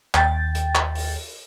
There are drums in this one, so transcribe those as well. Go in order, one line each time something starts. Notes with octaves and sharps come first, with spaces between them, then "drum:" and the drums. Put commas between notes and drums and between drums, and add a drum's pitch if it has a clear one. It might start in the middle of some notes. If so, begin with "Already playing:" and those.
D#2 G5 A6, drum: clap
drum: hi-hat
drum: clap
drum: open hi-hat